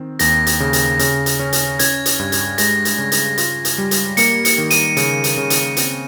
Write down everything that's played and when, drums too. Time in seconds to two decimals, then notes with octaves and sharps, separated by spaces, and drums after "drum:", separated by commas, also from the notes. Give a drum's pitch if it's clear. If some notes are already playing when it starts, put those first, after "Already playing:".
Already playing: D#3 C4
0.19 D#2 A#6, drum: hi-hat
0.47 drum: hi-hat
0.60 C#3
0.73 drum: hi-hat
0.99 C#3, drum: hi-hat
1.26 drum: hi-hat
1.40 C#4
1.53 drum: hi-hat
1.79 C#4 G#6, drum: hi-hat
2.06 drum: hi-hat
2.19 G2
2.32 drum: hi-hat
2.58 G#3 A#6, drum: hi-hat
2.85 drum: hi-hat
2.98 C#3
3.12 drum: hi-hat
3.38 F4, drum: hi-hat
3.65 drum: hi-hat
3.78 G3
3.91 drum: hi-hat
4.17 A#3 C#7, drum: hi-hat
4.45 C#7, drum: hi-hat
4.58 D#3
4.71 D#7, drum: hi-hat
4.97 C#3, drum: hi-hat
5.24 drum: hi-hat
5.38 C#3
5.50 drum: hi-hat
5.77 C4, drum: hi-hat